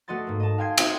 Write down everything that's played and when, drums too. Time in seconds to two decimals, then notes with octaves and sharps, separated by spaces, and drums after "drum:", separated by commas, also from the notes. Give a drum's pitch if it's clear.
0.08 A3 F#4 D#5 C6 A6
0.27 G#2 A#3
0.40 D#5 A5
0.58 F5 G5 G#5 C6 G#6 C7
0.78 C4 D#4 F4 D5, drum: cymbal